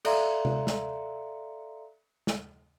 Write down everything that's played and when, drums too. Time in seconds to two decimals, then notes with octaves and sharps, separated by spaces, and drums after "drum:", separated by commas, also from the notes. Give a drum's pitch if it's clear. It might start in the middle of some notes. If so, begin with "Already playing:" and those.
0.05 A4 D5 E5 F5 A#5 C6, drum: cymbal
0.45 drum: tom C3
0.67 drum: snare
2.27 drum: snare